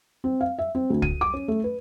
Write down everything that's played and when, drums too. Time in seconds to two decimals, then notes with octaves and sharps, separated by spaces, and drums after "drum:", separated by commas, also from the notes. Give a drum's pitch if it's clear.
0.24 C4
0.41 F5
0.59 E5
0.75 C4
0.90 D2
1.02 D#7, drum: kick
1.21 D6
1.34 C#4
1.48 A3
1.64 B4